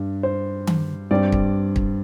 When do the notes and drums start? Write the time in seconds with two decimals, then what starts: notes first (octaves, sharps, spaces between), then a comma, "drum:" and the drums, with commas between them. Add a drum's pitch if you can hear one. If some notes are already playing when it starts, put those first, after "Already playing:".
Already playing: G2 G3
0.23 C5
0.67 drum: tom D#3
1.11 G2 G3 C4 D5
1.32 drum: kick
1.76 drum: kick